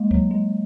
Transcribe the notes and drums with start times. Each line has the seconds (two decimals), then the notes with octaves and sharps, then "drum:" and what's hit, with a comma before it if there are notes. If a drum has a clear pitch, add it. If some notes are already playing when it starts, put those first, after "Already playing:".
Already playing: G#3 A#3
0.11 F#3, drum: kick C#2
0.31 G#3